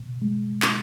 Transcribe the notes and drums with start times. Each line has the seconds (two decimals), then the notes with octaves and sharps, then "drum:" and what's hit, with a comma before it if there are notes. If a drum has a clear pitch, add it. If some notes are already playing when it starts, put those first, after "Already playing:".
Already playing: B2
0.22 G#3
0.62 drum: clap